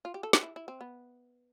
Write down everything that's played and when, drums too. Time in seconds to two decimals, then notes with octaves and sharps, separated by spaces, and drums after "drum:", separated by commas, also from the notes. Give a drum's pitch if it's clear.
0.05 F4
0.14 G4
0.23 A4
0.33 G4, drum: snare
0.43 E4
0.56 E4
0.68 C4
0.81 B3